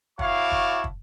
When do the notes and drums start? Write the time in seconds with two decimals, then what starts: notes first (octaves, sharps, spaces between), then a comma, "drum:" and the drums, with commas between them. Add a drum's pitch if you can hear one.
0.19 E4 F#4 C#5 F5 A5 D6, drum: kick
0.51 drum: kick
0.84 drum: kick